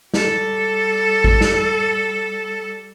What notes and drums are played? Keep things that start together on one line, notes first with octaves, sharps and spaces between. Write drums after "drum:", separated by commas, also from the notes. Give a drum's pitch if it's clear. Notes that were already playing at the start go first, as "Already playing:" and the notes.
G3 A4, drum: snare
drum: kick A1
drum: snare